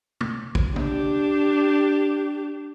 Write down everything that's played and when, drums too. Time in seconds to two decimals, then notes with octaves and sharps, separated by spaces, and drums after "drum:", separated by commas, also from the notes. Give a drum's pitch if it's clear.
0.21 drum: tom
0.55 drum: kick
0.76 D4 G4, drum: tom